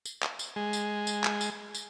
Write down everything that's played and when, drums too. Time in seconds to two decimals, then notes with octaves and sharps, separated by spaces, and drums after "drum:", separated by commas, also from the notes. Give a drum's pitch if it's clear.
0.05 drum: tambourine
0.22 drum: clap
0.39 drum: tambourine
0.56 G#3
0.73 drum: tambourine
1.07 drum: tambourine
1.24 drum: clap
1.41 drum: tambourine
1.75 drum: tambourine